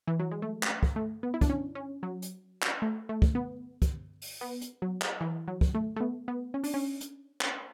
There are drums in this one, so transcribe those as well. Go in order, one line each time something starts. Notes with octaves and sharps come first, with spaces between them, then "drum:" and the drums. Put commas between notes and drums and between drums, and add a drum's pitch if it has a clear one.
E3
F#3
G#3
A3
drum: clap
drum: kick
A3
B3
E4
D4, drum: kick, hi-hat
C#4
C#4
F#3
drum: hi-hat
drum: clap
A3
A3
drum: kick
B3
drum: kick, hi-hat
drum: open hi-hat
B3
drum: hi-hat
F#3
drum: clap
E3
F#3
drum: kick
A3
A3
B3
B3
C#4
D4, drum: open hi-hat
C#4
drum: hi-hat
drum: clap